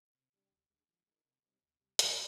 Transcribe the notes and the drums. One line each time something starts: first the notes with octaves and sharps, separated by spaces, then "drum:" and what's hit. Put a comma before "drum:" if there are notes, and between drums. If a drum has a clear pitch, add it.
C3
G3 D4 G4
D2
D3 G#3
F3
G#3 D#4 A#4
C3
G3 C4 D#4
D2
C3 G3
D#3, drum: hi-hat